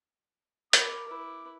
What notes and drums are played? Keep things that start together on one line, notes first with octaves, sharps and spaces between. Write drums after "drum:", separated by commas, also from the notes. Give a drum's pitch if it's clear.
A#4 B5 D6, drum: hi-hat
E4 B4